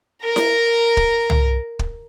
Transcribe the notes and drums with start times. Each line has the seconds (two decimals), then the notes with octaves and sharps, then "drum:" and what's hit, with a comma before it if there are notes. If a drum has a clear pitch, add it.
0.24 A#4 A#5
0.36 drum: snare E4
0.97 drum: kick
1.30 drum: tom C2
1.79 drum: kick